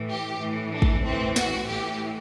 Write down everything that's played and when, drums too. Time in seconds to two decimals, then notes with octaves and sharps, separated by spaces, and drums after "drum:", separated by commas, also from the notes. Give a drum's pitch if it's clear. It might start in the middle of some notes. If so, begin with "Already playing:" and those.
Already playing: A2 E3
0.09 G4
0.40 A2 E3
0.72 D4
0.82 drum: kick
1.03 A2 E3 C4
1.36 F#4, drum: snare
1.67 A2 E3 G4